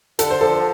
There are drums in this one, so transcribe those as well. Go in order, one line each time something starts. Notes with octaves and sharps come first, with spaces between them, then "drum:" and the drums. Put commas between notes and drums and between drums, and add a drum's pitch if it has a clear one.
D3 A4, drum: hi-hat
C5
F3 A4